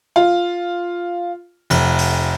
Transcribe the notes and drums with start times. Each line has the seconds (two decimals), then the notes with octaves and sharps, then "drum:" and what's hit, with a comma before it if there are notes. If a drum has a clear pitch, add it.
0.16 F4
1.70 F1, drum: cymbal
1.98 drum: open hi-hat